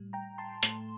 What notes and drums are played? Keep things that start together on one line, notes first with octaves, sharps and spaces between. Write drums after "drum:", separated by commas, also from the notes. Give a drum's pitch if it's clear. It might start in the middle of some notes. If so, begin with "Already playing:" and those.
Already playing: A2 G3
G5 A#5
A5 C6
A2 A3, drum: hi-hat